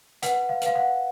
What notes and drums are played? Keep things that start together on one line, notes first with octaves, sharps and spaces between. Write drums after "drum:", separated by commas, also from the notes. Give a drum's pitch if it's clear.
B4 F#5, drum: hi-hat
F5
B4 F5, drum: hi-hat
F#5